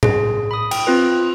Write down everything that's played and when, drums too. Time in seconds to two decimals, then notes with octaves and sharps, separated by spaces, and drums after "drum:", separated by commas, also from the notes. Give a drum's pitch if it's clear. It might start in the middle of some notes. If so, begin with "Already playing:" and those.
0.03 G#4, drum: tom A2
0.51 B5 D#6
0.71 G5, drum: cymbal
0.87 C4 F4 B4